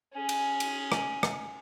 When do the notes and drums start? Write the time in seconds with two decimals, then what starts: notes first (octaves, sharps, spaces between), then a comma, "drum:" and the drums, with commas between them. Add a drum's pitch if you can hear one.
0.13 C#4 G#4
0.29 drum: cymbal
0.60 drum: cymbal
0.92 drum: rim click
1.23 drum: rim click